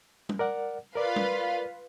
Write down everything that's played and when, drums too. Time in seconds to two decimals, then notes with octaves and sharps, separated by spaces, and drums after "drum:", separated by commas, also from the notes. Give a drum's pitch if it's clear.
0.29 drum: tom
0.39 A#4 D5 F#5
0.96 F4 A#4 B4 D5 F5
1.16 drum: tom